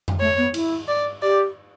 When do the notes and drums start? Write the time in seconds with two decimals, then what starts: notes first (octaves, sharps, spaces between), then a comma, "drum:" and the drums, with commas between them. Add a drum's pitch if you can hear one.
0.08 drum: tom F2
0.20 A3 C#5
0.37 B3
0.54 E4, drum: cymbal
0.88 D5
1.22 G4 D5